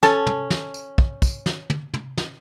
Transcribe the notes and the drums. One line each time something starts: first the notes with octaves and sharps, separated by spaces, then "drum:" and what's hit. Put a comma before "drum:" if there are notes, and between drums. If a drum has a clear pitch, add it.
C#4 A4 A5, drum: snare
drum: tom
drum: snare
drum: tambourine
drum: kick
drum: kick, tambourine
drum: snare
drum: tom
drum: tom
drum: snare